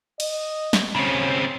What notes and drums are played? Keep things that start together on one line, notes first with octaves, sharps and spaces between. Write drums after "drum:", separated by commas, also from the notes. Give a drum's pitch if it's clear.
D#5, drum: cymbal
drum: snare
C#3 C4 C#4